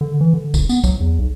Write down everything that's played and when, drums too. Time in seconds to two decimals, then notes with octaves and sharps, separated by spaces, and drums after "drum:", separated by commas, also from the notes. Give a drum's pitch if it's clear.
0.01 D3
0.21 E3
0.33 D3
0.54 D#1, drum: kick B1, tambourine
0.69 B3, drum: tambourine
0.84 F#3, drum: kick B1, tambourine
1.00 E2
1.18 B1